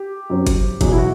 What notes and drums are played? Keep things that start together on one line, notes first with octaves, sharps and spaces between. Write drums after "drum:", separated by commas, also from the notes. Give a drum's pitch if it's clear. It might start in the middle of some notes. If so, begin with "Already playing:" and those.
Already playing: G4
F#2 F#3 C4
drum: kick, hi-hat
E2 B2 F#3, drum: kick, hi-hat
E4
F#4